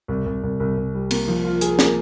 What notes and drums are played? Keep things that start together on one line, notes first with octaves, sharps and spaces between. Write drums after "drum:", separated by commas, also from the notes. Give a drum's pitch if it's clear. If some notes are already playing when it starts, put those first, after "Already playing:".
C2
C2
C2
C2
C2
G3
A#3, drum: cymbal
F3
F4
G#4, drum: hi-hat
A#3, drum: snare